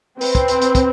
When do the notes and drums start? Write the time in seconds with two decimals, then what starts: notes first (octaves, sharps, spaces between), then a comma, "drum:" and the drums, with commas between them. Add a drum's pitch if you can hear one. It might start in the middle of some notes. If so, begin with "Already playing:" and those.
0.21 C4 B4, drum: open hi-hat
0.35 drum: kick, hi-hat
0.48 drum: hi-hat
0.62 drum: hi-hat
0.75 drum: kick, hi-hat